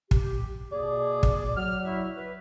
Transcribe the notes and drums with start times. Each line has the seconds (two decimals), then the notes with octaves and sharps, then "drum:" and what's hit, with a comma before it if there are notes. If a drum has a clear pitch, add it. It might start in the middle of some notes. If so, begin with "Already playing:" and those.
0.11 G4, drum: kick
0.72 B2 A#3 G#4 D5
1.23 drum: kick
1.56 F#3 F6
1.85 E4 F#4 E5
2.15 B4